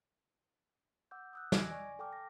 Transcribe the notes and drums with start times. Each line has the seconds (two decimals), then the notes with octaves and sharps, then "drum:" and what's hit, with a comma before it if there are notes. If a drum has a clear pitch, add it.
1.11 F#5 D6 E6 G6
1.33 D#6 E6 F#6
1.52 D#5 G#5 D6 G#6 A#6 D7, drum: snare
1.71 D5 G#5 C#6
1.99 A4 G5 A5 D6 F6
2.13 A#6